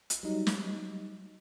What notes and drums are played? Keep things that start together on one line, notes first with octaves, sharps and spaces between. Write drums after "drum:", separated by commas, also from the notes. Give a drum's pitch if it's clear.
drum: hi-hat
F#3 G3 D#4
drum: snare